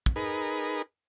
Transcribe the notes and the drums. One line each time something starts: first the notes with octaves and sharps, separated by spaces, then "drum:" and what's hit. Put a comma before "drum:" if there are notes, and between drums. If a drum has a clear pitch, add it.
drum: kick
D#4 G#4 A#4 B4